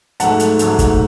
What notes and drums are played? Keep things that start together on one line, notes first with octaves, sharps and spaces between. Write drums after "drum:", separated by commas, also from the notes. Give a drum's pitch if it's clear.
G#2 F#3 A3 F#5 A5, drum: hi-hat
drum: hi-hat
G#2 F#3 A3, drum: hi-hat
drum: kick, hi-hat